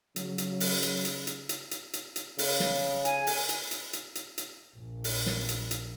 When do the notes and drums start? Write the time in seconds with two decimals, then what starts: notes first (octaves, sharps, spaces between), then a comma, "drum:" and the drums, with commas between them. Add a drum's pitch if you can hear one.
0.16 C#3 F#3, drum: hi-hat
0.38 drum: hi-hat
0.60 drum: open hi-hat
0.83 drum: hi-hat
1.05 drum: hi-hat
1.27 drum: hi-hat
1.49 drum: hi-hat
1.71 drum: hi-hat
1.93 drum: hi-hat
2.16 drum: hi-hat
2.38 C#3, drum: open hi-hat
2.60 drum: snare
3.05 G#5, drum: hi-hat
3.27 drum: open hi-hat
3.49 drum: hi-hat
3.71 drum: hi-hat
3.93 drum: hi-hat
4.15 drum: hi-hat
4.38 drum: hi-hat
4.77 A#1
5.04 drum: open hi-hat
5.26 drum: snare
5.49 drum: hi-hat
5.71 drum: hi-hat